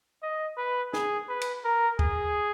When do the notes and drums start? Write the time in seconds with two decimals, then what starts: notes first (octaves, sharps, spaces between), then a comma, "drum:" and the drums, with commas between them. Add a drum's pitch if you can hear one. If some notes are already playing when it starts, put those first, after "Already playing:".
0.23 D#5
0.57 B4
0.93 G#4, drum: snare
1.29 B4
1.41 drum: cymbal
1.64 A#4
1.99 G#4, drum: kick